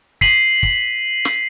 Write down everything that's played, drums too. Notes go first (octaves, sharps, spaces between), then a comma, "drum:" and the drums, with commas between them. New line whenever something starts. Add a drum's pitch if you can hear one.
B6 C7 D#7 F#7, drum: kick
drum: kick
drum: snare